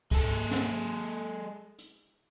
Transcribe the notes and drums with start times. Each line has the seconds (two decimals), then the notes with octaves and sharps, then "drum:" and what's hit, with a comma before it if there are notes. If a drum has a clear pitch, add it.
0.11 G#3 A4, drum: kick C#2
0.51 drum: snare
1.79 drum: hi-hat